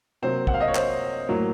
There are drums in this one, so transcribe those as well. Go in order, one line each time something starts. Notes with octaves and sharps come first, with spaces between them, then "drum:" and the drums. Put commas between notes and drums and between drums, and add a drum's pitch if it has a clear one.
C3 F#3 A#3 C5
F#5, drum: kick
F5
D#5
C#5
C5, drum: clap
A2 F#3 A#3